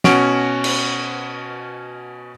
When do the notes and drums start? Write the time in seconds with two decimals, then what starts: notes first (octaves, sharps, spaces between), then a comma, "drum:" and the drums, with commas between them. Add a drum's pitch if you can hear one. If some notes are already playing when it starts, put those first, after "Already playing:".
0.04 B2 C#4 F#4 D7, drum: snare
0.64 drum: cymbal